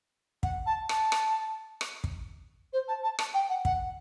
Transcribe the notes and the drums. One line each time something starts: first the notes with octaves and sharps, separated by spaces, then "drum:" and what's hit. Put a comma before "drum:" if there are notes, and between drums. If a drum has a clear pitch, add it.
F#5, drum: kick
A5
A5, drum: rim click
drum: rim click
drum: rim click
drum: kick
C5
A5
A5
A5, drum: rim click
G5
F#5
F#5, drum: kick